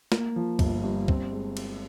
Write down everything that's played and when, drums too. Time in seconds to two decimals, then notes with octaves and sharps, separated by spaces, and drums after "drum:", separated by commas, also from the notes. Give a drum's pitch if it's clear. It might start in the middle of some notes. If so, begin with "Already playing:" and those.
0.12 A#3, drum: snare
0.36 F3
0.59 G1, drum: kick, cymbal
0.84 G2
1.08 C4, drum: kick
1.32 G#3
1.57 drum: cymbal